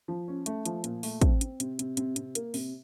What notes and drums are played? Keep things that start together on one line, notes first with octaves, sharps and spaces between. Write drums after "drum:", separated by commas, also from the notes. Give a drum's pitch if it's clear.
F3
C#4
A3, drum: hi-hat
F3, drum: hi-hat
A#2, drum: hi-hat
A3, drum: open hi-hat
C4, drum: kick, hi-hat
C4, drum: hi-hat
C3, drum: hi-hat
C3, drum: hi-hat
C3, drum: hi-hat
C3, drum: hi-hat
A#3, drum: hi-hat
C3, drum: open hi-hat